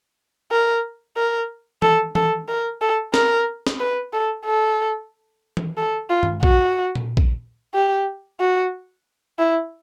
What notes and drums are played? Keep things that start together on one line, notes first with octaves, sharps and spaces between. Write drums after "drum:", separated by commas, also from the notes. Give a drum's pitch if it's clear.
A#4
A#4
A4, drum: tom E3
A4, drum: tom E3
A#4
A4
A#4, drum: snare
drum: snare
B4
A4
A4
drum: tom E3
A4
F4
drum: tom
F#4, drum: kick A#1
drum: tom A#2
drum: kick A#1
G4
F#4
E4